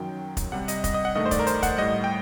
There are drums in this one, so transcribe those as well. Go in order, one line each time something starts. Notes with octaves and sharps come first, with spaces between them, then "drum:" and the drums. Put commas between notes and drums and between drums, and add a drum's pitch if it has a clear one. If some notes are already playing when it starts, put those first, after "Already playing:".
Already playing: F#2 D#3 F#3 G5
drum: kick, hi-hat
C3 G3 F#5
D#5, drum: hi-hat
D#5, drum: kick, hi-hat
D#5
F#5
G2 D#3 A3 D#5
C5
D5, drum: kick, hi-hat
A#4
C5, drum: hi-hat
F#5, drum: kick, hi-hat
A2 G3 D#5
G5